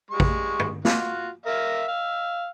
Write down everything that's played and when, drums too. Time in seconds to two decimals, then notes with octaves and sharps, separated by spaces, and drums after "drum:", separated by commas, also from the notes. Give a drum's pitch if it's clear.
0.11 G3 G#3 C#6
0.20 drum: kick A1
0.59 drum: tom G2
0.85 F4 F#4, drum: snare
1.46 A#4 E5 F5
1.88 F5 E6